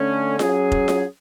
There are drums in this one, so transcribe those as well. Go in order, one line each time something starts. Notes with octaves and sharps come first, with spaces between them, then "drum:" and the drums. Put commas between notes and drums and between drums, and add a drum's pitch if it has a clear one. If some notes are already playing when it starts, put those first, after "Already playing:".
Already playing: D3 A3 C#4
F#3 C#4 G#4, drum: snare F4
drum: kick F1
drum: snare F4